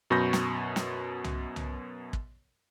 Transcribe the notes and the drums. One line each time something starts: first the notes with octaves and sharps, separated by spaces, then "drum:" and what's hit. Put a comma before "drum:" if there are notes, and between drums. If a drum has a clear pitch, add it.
F#2 B2 B5 C#6 G6 A#6
drum: snare
drum: snare
drum: tom C2
drum: tom C2
drum: kick